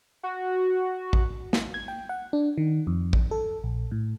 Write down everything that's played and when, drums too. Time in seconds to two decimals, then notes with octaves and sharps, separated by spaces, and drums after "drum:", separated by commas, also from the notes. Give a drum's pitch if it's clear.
0.23 F#4
1.13 drum: kick A1
1.53 drum: snare
1.74 G#6
1.88 G5
2.09 F#5
2.33 D4
2.58 D#3
2.87 F2
3.13 drum: kick A1
3.31 A4
3.64 A#1
3.91 A2